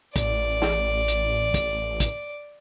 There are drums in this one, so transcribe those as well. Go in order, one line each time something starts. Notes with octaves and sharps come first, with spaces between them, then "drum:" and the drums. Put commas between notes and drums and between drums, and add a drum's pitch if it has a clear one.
A1 D5, drum: kick, hi-hat
drum: snare
drum: hi-hat
drum: kick, hi-hat
drum: kick, hi-hat